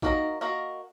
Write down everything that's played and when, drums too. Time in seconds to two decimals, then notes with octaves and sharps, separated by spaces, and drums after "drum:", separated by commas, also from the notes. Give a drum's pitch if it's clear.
0.02 A#3 D#4 F#4 A#4 D#5, drum: kick
0.41 A#3 F#4 A#4 D#5